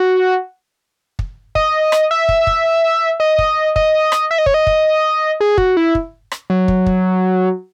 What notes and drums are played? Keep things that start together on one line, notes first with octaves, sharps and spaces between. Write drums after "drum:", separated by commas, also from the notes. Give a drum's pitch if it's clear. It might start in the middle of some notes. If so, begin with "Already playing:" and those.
Already playing: F#4
drum: kick
D#5, drum: kick
drum: rim click
E5
drum: kick
drum: kick
D#5
drum: kick
D#5, drum: kick
drum: rim click
E5
D#5
C#5, drum: kick
D#5
drum: kick
G#4
F#4, drum: kick
E4
drum: kick
drum: rim click
F#3
drum: kick
drum: kick